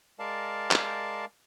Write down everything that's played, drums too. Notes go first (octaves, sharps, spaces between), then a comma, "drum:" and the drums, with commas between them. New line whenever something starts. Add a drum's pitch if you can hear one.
G#3 A#4 D5 F5 A5
drum: clap